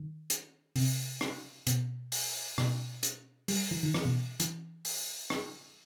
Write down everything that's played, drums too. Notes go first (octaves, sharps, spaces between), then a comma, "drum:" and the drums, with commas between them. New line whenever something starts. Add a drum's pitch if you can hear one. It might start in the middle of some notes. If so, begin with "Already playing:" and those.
Already playing: D#3
drum: hi-hat
C3, drum: open hi-hat
drum: rim click
B2, drum: hi-hat
drum: open hi-hat
B2, drum: rim click
drum: hi-hat
G3, drum: open hi-hat
E3
D#3
E3, drum: rim click
B2
E3, drum: hi-hat
drum: open hi-hat
drum: rim click